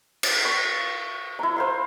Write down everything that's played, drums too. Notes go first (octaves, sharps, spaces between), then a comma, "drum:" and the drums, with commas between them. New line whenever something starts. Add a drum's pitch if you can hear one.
drum: cymbal
C#6
E4 A#5
C5 F5 C6